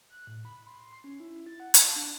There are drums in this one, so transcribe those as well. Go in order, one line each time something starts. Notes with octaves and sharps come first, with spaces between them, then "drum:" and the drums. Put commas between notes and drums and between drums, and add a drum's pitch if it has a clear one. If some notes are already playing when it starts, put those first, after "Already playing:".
F#6
A2
B5
C6
C7
C#4
E4
A6
F#5
A5, drum: hi-hat
D4